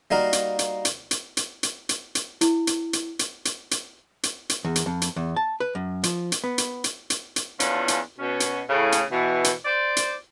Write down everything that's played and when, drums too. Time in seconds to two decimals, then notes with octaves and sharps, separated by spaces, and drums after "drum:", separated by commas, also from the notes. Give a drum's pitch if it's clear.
0.11 G3 A#3 D#4 F#4 A#4 F5
0.33 drum: hi-hat
0.59 drum: hi-hat
0.85 drum: hi-hat
1.11 drum: hi-hat
1.37 drum: hi-hat
1.63 drum: hi-hat
1.89 drum: hi-hat
2.15 drum: hi-hat
2.41 E4, drum: hi-hat
2.67 drum: hi-hat
2.93 drum: hi-hat
3.19 drum: hi-hat
3.45 drum: hi-hat
3.71 drum: hi-hat
4.23 drum: hi-hat
4.49 drum: hi-hat
4.65 E2
4.76 drum: hi-hat
4.86 F2
5.02 drum: hi-hat
5.16 E2
5.36 A5
5.60 B4
5.75 F#2
6.03 F3, drum: hi-hat
6.32 drum: hi-hat
6.44 B3
6.58 drum: hi-hat
6.84 drum: hi-hat
7.10 drum: hi-hat
7.36 drum: hi-hat
7.60 E2 E3 F3 C#4 D4 F4, drum: hi-hat
7.88 drum: hi-hat
8.19 B2 C#4
8.40 drum: hi-hat
8.70 A2 C#3
8.92 drum: hi-hat
9.12 B2 E3
9.44 drum: hi-hat
9.65 C5 D5
9.97 drum: hi-hat